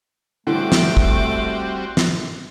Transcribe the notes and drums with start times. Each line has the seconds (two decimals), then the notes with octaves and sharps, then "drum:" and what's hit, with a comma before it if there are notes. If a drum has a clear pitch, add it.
0.47 A2 D3 E3 G3 A3 C4 F#4 D6
0.72 drum: snare
0.97 drum: kick
1.97 drum: snare